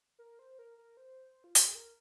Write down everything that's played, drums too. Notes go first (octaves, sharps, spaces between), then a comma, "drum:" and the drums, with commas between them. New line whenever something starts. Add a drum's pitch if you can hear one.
A#4
C5
A#4
A#4
C5
F4
F#4, drum: hi-hat
G#4
A#4